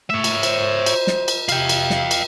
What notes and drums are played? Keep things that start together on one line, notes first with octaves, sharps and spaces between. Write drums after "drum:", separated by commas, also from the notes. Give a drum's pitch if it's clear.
A3 C#5 E5
drum: cymbal
C5, drum: cymbal
drum: cymbal
drum: snare
drum: cymbal
C3 F5 G5, drum: cymbal
drum: cymbal
drum: snare
drum: cymbal